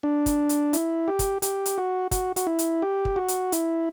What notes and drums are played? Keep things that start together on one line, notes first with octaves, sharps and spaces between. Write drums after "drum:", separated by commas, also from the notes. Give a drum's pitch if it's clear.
D4
drum: kick, hi-hat
drum: hi-hat
E4, drum: hi-hat
G4
drum: kick, hi-hat
G4, drum: hi-hat
drum: hi-hat
F#4
F#4, drum: kick, hi-hat
F#4, drum: hi-hat
E4
drum: hi-hat
G4
drum: kick
F#4
drum: hi-hat
E4, drum: hi-hat